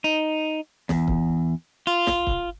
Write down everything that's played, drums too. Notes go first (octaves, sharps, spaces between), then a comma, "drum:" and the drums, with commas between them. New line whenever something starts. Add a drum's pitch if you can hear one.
D#4
E2, drum: snare
drum: kick C#1
F4
drum: snare
drum: kick C#1